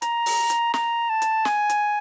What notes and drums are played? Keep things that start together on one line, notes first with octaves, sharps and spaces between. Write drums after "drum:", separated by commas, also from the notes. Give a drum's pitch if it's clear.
A#5, drum: hi-hat
drum: open hi-hat
drum: hi-hat
A#5, drum: snare
A5
drum: hi-hat
G#5, drum: snare
drum: hi-hat